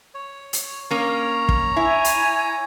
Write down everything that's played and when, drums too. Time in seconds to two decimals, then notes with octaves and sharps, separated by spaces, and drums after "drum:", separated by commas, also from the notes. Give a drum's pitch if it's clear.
0.14 C#5
0.53 drum: hi-hat
0.91 A#3 C#4 C#5 A#5
1.49 drum: kick
1.76 E4 G#5
2.04 drum: hi-hat